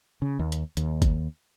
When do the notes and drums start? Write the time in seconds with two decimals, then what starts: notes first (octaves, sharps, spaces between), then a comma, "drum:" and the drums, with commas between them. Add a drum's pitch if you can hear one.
0.22 C#3
0.39 D#2
0.52 drum: hi-hat
0.77 D#2, drum: hi-hat
1.02 drum: kick G1, hi-hat